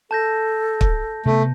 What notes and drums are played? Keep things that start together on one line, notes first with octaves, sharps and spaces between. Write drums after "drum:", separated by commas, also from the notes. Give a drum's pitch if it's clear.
A4 A5 G6 A#6
drum: kick
C3 A3 B3